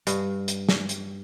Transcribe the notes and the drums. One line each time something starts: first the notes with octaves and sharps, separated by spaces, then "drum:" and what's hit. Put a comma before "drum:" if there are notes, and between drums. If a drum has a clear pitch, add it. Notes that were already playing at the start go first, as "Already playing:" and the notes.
G2, drum: hi-hat
drum: hi-hat
drum: snare
drum: hi-hat